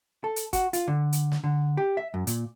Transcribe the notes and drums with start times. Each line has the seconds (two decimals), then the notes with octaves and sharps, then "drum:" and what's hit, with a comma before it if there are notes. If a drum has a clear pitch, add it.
0.24 A4
0.36 drum: hi-hat
0.53 F#4, drum: kick, hi-hat
0.73 F4, drum: hi-hat
0.88 D3
1.13 drum: hi-hat
1.32 drum: snare
1.44 D3
1.77 G4
1.97 E5
2.14 F#2
2.27 A#2, drum: hi-hat